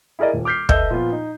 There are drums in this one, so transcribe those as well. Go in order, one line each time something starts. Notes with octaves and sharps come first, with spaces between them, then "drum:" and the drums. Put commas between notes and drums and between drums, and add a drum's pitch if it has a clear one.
E4 G#4 A#4 D5 D#5
D#1
D6 F6 G6 B6 C7
A4 B4 D#5 E5 E6 G6, drum: kick
A#2 F3 B3 F4
D#4